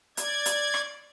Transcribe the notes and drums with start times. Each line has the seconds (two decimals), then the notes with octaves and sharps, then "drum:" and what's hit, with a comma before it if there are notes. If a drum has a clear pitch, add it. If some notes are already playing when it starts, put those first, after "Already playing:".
0.17 D5 G#6, drum: hi-hat
0.46 drum: hi-hat
0.74 drum: rim click